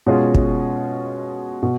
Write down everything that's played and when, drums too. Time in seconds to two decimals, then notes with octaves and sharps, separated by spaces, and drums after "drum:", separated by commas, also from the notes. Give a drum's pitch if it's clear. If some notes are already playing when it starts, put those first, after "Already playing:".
0.06 B2 G#3 C#4 F4 G#4
0.34 drum: kick
1.63 B2